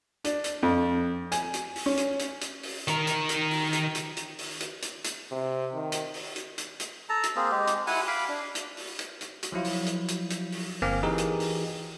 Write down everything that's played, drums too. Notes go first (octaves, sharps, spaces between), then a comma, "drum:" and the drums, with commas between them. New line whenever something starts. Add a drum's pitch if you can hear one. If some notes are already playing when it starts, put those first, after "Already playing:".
D4, drum: hi-hat
drum: hi-hat
F2
G#5, drum: hi-hat
drum: hi-hat
drum: open hi-hat
C#4
drum: hi-hat
drum: hi-hat
drum: hi-hat
drum: open hi-hat
D#3 A#4, drum: hi-hat
drum: hi-hat
drum: hi-hat
drum: open hi-hat
drum: hi-hat
drum: hi-hat
drum: hi-hat
drum: open hi-hat
drum: hi-hat
drum: hi-hat
drum: hi-hat
C3
D#3
drum: hi-hat
drum: open hi-hat
drum: hi-hat
drum: hi-hat
drum: hi-hat
A4 A5 A#5
drum: hi-hat
A#3 C4 G#4
G#3 G4
drum: hi-hat
E4 F#5 G#5, drum: open hi-hat
F5 B5 D6
D4
drum: hi-hat
drum: open hi-hat
drum: hi-hat
drum: hi-hat
drum: hi-hat
F3 F#3 E4 F4
drum: open hi-hat
drum: hi-hat
drum: hi-hat
drum: hi-hat
drum: open hi-hat
G1 A#3 C4 G#5 D6 F6
E3 D#4 G4 G#4 A#4
drum: hi-hat
drum: open hi-hat